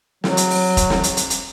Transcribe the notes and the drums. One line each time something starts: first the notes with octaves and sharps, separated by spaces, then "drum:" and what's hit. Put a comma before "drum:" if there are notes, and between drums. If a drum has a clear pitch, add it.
F#3, drum: snare
drum: hi-hat
drum: open hi-hat
drum: kick F1, hi-hat
drum: snare
drum: hi-hat
drum: hi-hat
drum: hi-hat